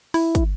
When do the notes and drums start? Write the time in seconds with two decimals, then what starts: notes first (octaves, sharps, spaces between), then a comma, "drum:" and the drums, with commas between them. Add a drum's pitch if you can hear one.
0.14 E4, drum: open hi-hat
0.35 drum: kick, hi-hat